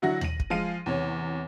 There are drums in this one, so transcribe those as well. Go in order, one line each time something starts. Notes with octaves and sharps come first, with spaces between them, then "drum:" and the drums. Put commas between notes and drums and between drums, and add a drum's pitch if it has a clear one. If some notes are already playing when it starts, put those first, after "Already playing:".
D3 F#3 E4 F#4 F#5 A#6
D#7 F#7, drum: tom D#2
drum: kick
F3 G#3 F5 D#7
E2 C3 C#5